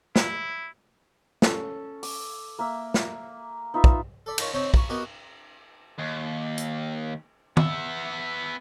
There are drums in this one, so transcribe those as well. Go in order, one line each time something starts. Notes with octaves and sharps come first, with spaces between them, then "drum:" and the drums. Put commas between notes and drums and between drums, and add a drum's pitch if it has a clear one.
E4, drum: snare
C#4 A4, drum: snare
D6, drum: open hi-hat
A#3 E5
drum: snare
D#4 F4 B4 E5
drum: kick
A4 D5 B5
D#4 F4 A#4 C#5, drum: cymbal
C4 D#4 C5 C#5
A#5 B5 C#6, drum: kick
B3 F#4 G4 A#4 D#5
D#2
drum: hi-hat
B3 E5, drum: tom